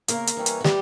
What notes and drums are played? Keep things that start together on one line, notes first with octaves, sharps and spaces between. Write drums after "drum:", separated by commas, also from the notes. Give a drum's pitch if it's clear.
C#3 A#3 A#4, drum: hi-hat
drum: hi-hat
E3 G3 C#4
drum: hi-hat
F#4
G3 G4, drum: snare